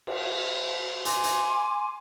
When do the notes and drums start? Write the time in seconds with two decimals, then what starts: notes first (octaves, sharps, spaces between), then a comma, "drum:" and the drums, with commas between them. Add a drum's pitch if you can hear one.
0.07 drum: cymbal
1.05 G#5 C6 D6, drum: hi-hat
1.23 drum: hi-hat